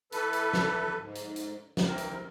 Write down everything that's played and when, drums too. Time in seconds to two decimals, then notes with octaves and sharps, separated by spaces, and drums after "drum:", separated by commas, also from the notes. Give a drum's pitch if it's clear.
0.12 E3 A4 B4, drum: hi-hat
0.33 drum: hi-hat
0.53 drum: snare
1.00 G#2
1.15 drum: hi-hat
1.36 drum: hi-hat
1.77 drum: snare
1.86 E3 C4 A#4
1.98 drum: hi-hat